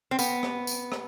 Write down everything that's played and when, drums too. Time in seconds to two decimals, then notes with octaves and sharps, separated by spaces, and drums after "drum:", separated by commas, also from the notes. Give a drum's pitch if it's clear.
0.11 C4
0.19 B3, drum: tambourine
0.43 drum: rim click
0.67 drum: tambourine
0.92 drum: rim click